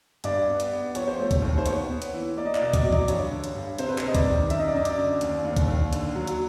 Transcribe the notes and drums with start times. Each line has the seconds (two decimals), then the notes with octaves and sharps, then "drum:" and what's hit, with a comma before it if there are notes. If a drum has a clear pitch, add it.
0.24 G2 D5, drum: hi-hat
0.48 B3
0.60 drum: hi-hat
0.72 B3
0.95 F3 C#5, drum: hi-hat
1.08 C5
1.19 A3 C#5
1.31 drum: kick C#2, hi-hat
1.42 D#2
1.58 C5
1.66 B3 C#5, drum: hi-hat
1.90 B3
2.02 drum: hi-hat
2.13 E3
2.37 A#3 D5
2.46 D#5
2.55 D5, drum: clap
2.61 B2 D#5
2.73 D5, drum: kick C#2, hi-hat
2.83 F#3 D#5
2.92 D5, drum: tom E3
3.08 G2 C#5, drum: hi-hat
3.31 D3
3.44 drum: hi-hat
3.55 G2
3.78 C3 C5, drum: hi-hat
3.89 B4
3.98 C5, drum: clap
4.03 C3 D#5
4.15 D5, drum: kick C#2, hi-hat
4.26 D#3
4.50 F#2 E5, drum: hi-hat
4.59 D#5
4.67 D5
4.74 F#2 D#5
4.85 D5, drum: hi-hat
4.98 D3
5.21 D#2, drum: hi-hat
5.44 D#2
5.57 drum: kick C#2, hi-hat
5.68 D#2
5.93 D3, drum: hi-hat
6.15 F#3
6.27 drum: hi-hat